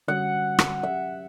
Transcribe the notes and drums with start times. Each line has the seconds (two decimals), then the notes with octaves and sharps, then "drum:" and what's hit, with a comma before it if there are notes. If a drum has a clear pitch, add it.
0.08 D3 G3 C#4 F#4 C#5 F#5
0.59 drum: rim click
0.83 F#3 C#4 G4 E5